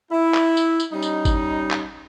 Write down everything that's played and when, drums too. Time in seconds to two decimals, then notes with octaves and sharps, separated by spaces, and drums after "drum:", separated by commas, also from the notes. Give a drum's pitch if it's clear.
0.11 E4
0.34 drum: clap
0.57 drum: tambourine
0.80 drum: tambourine
0.92 G3 C#4 D#4
1.02 drum: tambourine
1.25 drum: kick G#1, tambourine
1.71 drum: clap